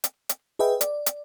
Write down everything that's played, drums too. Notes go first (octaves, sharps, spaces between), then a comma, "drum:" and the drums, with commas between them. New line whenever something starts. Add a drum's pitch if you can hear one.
drum: hi-hat
drum: hi-hat
G#4 B4 D#5 E5 G5
D5, drum: hi-hat
drum: hi-hat